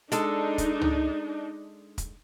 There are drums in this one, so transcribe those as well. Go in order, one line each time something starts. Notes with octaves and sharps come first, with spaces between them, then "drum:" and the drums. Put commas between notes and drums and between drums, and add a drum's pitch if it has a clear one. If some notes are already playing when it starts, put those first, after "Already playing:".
G#3 D4 D#4 A4, drum: hi-hat
drum: kick, hi-hat
drum: tom C#2
drum: kick, hi-hat